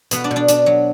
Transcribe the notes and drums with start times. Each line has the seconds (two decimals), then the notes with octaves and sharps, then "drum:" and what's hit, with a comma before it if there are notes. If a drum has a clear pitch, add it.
0.11 B2 B3 B4, drum: hi-hat
0.24 D4 D5
0.31 B2
0.36 D4 D5
0.48 D4, drum: hi-hat
0.66 F#3